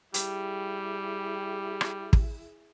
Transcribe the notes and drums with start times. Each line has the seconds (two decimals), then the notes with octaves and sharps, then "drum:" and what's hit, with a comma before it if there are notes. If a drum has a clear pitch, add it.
0.14 G3 E4 G4 G#4, drum: hi-hat
1.81 drum: rim click
2.13 drum: kick